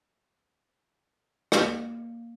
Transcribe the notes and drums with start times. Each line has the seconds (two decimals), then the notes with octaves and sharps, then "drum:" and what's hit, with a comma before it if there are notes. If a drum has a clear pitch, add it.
1.52 A#3, drum: rim click